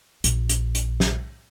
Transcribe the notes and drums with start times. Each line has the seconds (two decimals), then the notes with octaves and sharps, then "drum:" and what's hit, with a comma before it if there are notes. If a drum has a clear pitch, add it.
0.24 A#1, drum: hi-hat
0.49 drum: hi-hat
0.75 drum: hi-hat
1.00 drum: snare